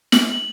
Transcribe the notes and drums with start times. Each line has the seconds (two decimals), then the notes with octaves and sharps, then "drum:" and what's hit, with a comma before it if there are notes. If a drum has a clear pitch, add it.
0.12 F#7, drum: snare